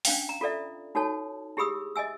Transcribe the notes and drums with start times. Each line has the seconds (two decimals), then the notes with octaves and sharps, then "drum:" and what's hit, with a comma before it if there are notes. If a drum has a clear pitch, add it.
0.05 C#4 D4 F5 G5, drum: open hi-hat
0.29 A#5
0.41 F4 A4 D5 E5
0.95 D#4 F#4 A4 C#5 A5
1.57 E4 G4 G#4 B5 D#6 E6
1.96 D#5 E5 G#5 E6